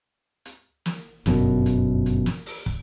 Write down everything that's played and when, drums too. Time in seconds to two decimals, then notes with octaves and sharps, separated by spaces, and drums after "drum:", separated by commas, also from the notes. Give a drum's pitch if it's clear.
0.45 drum: hi-hat
0.86 drum: snare
1.26 G1 F#2 B2, drum: snare
1.66 drum: hi-hat
2.06 drum: hi-hat
2.26 drum: snare
2.46 drum: open hi-hat
2.66 drum: kick